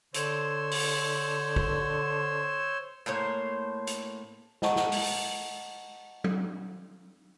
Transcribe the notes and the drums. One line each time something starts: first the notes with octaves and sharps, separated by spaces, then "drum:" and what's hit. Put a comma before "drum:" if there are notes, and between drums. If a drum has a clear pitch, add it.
D3 C5 C#5 E6, drum: hi-hat
drum: open hi-hat
drum: kick
A2 A#3 C5 C#5
drum: hi-hat
C5 D#5 F#5 A5 A#5 C#6, drum: snare
drum: snare
drum: open hi-hat
drum: tom F#3